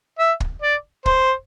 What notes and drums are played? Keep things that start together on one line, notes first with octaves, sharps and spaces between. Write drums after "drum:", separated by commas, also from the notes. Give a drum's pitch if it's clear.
E5
drum: kick
D5
C5, drum: kick